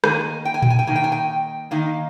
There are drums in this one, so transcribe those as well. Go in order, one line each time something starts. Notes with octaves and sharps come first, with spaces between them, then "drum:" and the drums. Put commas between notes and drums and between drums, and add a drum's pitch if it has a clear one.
D#3 A#3 D#4 G#5, drum: rim click
G5
G#5
G5, drum: tom A#2
G#5
G5
D#3 A#3 D#4 G#5
G5
G#5
G5
D#3 A#3 D#4 F5